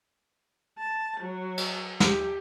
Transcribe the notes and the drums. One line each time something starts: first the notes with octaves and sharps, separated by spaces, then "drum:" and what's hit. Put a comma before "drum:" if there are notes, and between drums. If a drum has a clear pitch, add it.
A5
F#3
drum: cymbal
G4, drum: snare